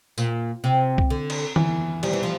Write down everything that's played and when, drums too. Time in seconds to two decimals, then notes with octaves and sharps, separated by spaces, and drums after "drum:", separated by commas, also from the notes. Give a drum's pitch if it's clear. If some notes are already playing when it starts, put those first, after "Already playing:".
0.18 A#2, drum: tambourine
0.64 C3
0.98 drum: kick C2
1.10 D3
1.30 drum: cymbal
1.56 E3, drum: tom
2.03 F3 G3, drum: cymbal
2.13 E3
2.23 F3